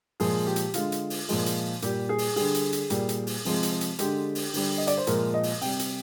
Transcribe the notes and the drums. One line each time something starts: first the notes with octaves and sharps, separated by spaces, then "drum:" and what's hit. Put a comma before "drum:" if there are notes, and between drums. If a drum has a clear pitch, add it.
A#2 F3 G#3 G#4, drum: open hi-hat
G4
drum: hi-hat
D3 G#3 F4, drum: hi-hat
drum: hi-hat
drum: open hi-hat
A#2 F3 G#3, drum: open hi-hat
drum: hi-hat
A#2 G3 G4, drum: hi-hat
G#4
drum: open hi-hat
D3 G3 G#4, drum: open hi-hat
drum: hi-hat
drum: hi-hat
A#2 G3, drum: hi-hat
drum: hi-hat
drum: open hi-hat
C3 F3 G#3, drum: open hi-hat
drum: hi-hat
drum: hi-hat
D3 G#3 G4, drum: hi-hat
drum: open hi-hat
D3 G3, drum: open hi-hat
D#5
D5, drum: hi-hat
C5
A#2 F3 G#3 A#4, drum: hi-hat
D#5
drum: open hi-hat
C3 G3 G5, drum: open hi-hat
drum: hi-hat